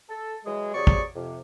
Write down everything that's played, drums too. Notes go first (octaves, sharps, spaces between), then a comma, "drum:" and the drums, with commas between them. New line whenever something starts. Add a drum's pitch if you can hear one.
A4
E3 F#3 G#3 G#4
C3 F#3 G#4 D5 C#6
drum: kick
F2 C3